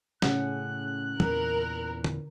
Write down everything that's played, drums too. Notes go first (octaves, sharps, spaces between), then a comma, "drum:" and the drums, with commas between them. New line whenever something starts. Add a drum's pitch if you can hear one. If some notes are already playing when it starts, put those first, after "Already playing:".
A2 C#3 C#4 F#5 F#6, drum: snare
E2 A#2 E3 A#4, drum: tom
drum: tom D3